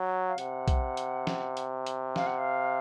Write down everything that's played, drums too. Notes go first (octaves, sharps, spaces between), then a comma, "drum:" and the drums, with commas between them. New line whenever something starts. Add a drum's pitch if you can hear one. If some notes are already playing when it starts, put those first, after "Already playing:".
Already playing: F#3
F5
C3 F#5, drum: hi-hat
drum: kick, hi-hat
drum: hi-hat
drum: snare
drum: hi-hat
drum: hi-hat
F5, drum: snare
F#5
F5